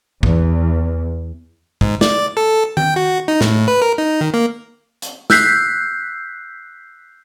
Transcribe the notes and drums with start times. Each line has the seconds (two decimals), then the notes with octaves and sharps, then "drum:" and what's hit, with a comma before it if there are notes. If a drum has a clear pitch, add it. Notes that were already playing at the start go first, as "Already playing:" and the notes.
0.23 E2, drum: kick
1.81 G#2, drum: kick
2.01 D5, drum: snare
2.37 A4
2.77 G5, drum: tom D#3
2.96 F#4
3.28 D#4
3.41 A2, drum: snare
3.68 B4
3.82 A#4
3.98 D#4
4.21 D#3
4.34 A#3
5.02 drum: hi-hat
5.30 E6 F#6 G6 B6 C7, drum: snare